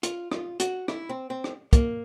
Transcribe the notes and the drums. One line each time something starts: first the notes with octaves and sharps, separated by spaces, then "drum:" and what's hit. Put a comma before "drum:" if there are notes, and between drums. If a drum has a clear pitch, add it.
F4, drum: hi-hat
F4, drum: rim click
F#4, drum: hi-hat
E4, drum: rim click
C4
C4
drum: rim click
A#3, drum: kick, hi-hat